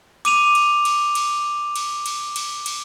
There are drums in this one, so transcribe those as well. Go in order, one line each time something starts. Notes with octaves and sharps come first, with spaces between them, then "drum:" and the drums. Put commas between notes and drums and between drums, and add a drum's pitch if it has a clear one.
D6 D#7 F7, drum: cymbal
drum: cymbal
drum: cymbal
drum: cymbal
drum: cymbal
drum: cymbal
drum: cymbal
drum: cymbal